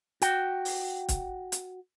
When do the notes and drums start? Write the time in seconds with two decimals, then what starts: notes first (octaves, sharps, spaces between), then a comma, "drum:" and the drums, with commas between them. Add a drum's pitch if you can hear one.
0.22 F#4 G5, drum: hi-hat
0.65 drum: open hi-hat
1.09 drum: kick, hi-hat
1.52 drum: hi-hat